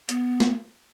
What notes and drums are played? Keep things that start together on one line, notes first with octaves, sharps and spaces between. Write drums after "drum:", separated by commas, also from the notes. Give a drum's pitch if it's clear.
B3, drum: hi-hat
drum: snare